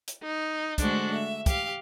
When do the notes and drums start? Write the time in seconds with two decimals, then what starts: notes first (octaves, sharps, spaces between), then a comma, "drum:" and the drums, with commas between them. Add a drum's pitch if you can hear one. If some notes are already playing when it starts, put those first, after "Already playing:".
0.08 drum: hi-hat
0.23 D#4
0.78 D3 G#3 A3 D4 F#4 C5, drum: kick, hi-hat
1.13 E5
1.46 G4 F5, drum: kick, hi-hat